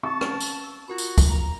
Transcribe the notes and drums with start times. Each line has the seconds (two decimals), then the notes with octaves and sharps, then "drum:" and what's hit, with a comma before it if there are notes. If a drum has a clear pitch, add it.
0.03 C4 A5 C#6
0.21 C#4 B4, drum: rim click
0.40 drum: tambourine
0.64 E6
0.88 F4 F#4 A#4 B5
0.98 drum: tambourine
1.18 drum: kick, tambourine
1.30 A#5